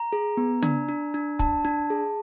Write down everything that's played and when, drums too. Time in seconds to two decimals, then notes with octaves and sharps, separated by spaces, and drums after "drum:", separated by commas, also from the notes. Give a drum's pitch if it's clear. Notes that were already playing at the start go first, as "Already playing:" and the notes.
Already playing: A#5
0.13 G#4
0.37 B3
0.62 D4, drum: tom
0.89 D4
1.14 D4
1.39 D4 A5, drum: kick
1.65 D4
1.90 G#4